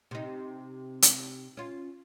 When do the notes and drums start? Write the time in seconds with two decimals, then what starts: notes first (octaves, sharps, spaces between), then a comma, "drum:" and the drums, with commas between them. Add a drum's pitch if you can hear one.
0.11 C3 D#4
1.02 drum: hi-hat
1.57 C#4 F4